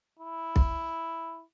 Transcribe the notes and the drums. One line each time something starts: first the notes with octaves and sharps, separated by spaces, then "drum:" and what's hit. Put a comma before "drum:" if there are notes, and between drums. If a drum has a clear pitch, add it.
E4
drum: kick B1